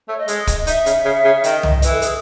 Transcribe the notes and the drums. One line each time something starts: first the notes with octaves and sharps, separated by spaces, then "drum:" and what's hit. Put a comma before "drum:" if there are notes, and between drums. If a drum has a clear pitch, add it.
A3 C#5
D#5
G#3, drum: hi-hat
drum: kick, hi-hat
D#4 E5, drum: hi-hat
C#3, drum: hi-hat
C#3
C#3
D#3 D#5, drum: hi-hat
drum: tom C2
E3 B4, drum: hi-hat
A4
G#4, drum: hi-hat